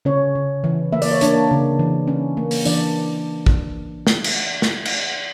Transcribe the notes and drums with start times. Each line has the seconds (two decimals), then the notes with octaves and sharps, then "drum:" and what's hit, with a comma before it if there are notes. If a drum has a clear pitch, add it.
0.05 C#3 C#4 C#5
0.35 C#3
0.64 E3
0.93 A#3 E5
1.02 D5, drum: open hi-hat
1.11 C#5
1.21 A#3 D4 D5, drum: hi-hat
1.51 C#3
1.79 E3
2.08 C#4
2.37 A#3
2.51 drum: open hi-hat
2.65 E3 D4 D5, drum: tambourine
3.46 drum: kick
4.07 drum: snare
4.24 drum: cymbal
4.62 drum: snare
4.85 drum: cymbal